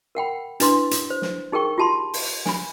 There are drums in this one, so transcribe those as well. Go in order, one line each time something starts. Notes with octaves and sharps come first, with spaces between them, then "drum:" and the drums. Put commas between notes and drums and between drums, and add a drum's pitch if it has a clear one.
A#4 F#5 G5 B5
D4 E4 B4 C6, drum: hi-hat
drum: hi-hat
C5
drum: snare
D#4 G#4 A#4 G5 C#6
F4 G4 A5 B5 C6
drum: open hi-hat
G#5 B5, drum: snare